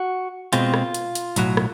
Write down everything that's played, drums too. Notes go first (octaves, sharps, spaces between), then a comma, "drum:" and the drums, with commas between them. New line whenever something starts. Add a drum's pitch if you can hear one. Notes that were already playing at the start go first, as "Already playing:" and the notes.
Already playing: F#4
B2 G#3 C4 F4, drum: hi-hat
drum: rim click
drum: hi-hat
drum: hi-hat
B1 A2 F#3, drum: hi-hat
drum: rim click